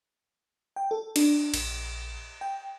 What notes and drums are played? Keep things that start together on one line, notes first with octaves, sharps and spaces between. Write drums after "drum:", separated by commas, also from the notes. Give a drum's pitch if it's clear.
G5
A4
D4, drum: cymbal
A#1, drum: cymbal
G5